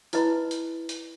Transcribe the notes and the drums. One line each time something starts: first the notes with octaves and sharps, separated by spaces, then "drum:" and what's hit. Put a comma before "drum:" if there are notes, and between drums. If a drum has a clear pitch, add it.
D#4 E4 B4 D#5 B5, drum: hi-hat
drum: hi-hat
drum: hi-hat